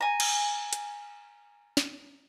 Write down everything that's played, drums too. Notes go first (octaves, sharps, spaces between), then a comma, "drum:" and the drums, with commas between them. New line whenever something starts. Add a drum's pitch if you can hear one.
G#5 A#5
drum: cymbal
drum: hi-hat
drum: snare